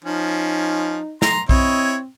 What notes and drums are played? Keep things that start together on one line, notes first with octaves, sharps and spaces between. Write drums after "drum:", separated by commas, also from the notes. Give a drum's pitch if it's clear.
F3 C#4 D#4
A#5 C6, drum: snare
C4 E4 C#5 D#5, drum: kick B1